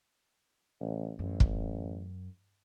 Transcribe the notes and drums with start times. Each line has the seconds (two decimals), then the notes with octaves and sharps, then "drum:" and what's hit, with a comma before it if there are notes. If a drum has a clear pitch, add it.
0.81 A1
1.19 A1 F#2
1.40 drum: kick